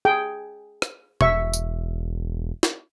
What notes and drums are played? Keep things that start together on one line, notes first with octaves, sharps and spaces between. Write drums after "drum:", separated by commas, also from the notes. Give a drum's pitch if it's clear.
G#4 G5
drum: rim click
E1 E5 C#6, drum: tom B2
drum: tambourine
drum: snare